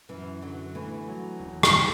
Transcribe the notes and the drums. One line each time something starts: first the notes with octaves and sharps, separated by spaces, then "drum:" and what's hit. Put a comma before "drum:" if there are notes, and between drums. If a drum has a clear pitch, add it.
F#2 E3
D3 F#3
E3 A3
F#3
E1
drum: rim click